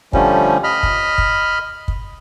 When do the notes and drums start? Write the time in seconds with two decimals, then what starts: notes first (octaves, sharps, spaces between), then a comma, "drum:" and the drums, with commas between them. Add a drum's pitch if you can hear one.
0.13 D3 F3 G3 A3 C#4, drum: kick
0.64 D#5 B5 F6
0.83 drum: kick
1.18 drum: kick
1.88 drum: kick